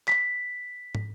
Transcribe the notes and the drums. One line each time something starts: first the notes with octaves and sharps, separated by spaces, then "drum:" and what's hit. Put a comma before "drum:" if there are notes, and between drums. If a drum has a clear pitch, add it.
B6, drum: clap
drum: tom